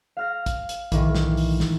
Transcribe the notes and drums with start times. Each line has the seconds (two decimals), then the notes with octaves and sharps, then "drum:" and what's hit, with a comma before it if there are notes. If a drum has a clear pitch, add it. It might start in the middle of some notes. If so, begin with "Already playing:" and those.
0.17 F5 F6 A#6
0.46 drum: kick, hi-hat
0.69 drum: hi-hat
0.92 B1 A2 D#3 E3, drum: kick, hi-hat
1.15 drum: snare
1.37 drum: open hi-hat
1.60 drum: snare